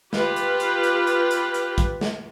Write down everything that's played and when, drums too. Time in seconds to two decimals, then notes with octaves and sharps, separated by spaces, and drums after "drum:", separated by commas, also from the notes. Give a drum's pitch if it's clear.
0.13 F4 G4 B4, drum: snare
0.36 drum: hi-hat
0.60 drum: hi-hat
0.83 drum: hi-hat
1.07 drum: hi-hat
1.31 drum: hi-hat
1.54 drum: hi-hat
1.78 drum: kick, hi-hat
2.01 drum: snare